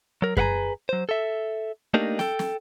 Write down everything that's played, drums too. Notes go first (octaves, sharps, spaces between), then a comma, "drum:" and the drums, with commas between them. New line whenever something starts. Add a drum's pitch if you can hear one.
F#3 A#4
G#4 B4 F5 F#5 G#5 A#5, drum: kick F#2
F#3 C5
A4 E5
A3 A#3 D4 D#4 G4 A#4
A4 G5, drum: snare
drum: snare